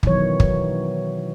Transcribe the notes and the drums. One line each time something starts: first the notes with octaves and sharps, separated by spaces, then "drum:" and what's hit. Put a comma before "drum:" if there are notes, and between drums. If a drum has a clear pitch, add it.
B2 D#3 E3 F#3 C#5, drum: kick
drum: kick